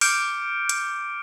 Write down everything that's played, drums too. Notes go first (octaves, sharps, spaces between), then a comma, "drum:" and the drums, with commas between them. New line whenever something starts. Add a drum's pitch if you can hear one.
D6 F6 G6 C#7 D7, drum: open hi-hat
drum: hi-hat